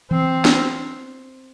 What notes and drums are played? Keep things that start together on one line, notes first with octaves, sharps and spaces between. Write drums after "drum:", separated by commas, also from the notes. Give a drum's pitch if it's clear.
E3 C4
D4, drum: snare